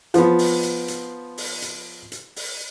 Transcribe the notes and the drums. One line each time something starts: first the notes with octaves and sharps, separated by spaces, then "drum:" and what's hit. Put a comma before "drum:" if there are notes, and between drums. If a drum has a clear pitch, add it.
F3 B3, drum: hi-hat
drum: open hi-hat
drum: hi-hat
drum: hi-hat
drum: open hi-hat
drum: hi-hat
drum: hi-hat
drum: open hi-hat